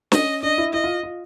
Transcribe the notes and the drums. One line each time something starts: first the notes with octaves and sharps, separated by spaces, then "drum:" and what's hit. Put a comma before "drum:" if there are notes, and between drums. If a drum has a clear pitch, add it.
C#4 D#5, drum: snare
D4 D#5
E4
E4 D#5
F4
F4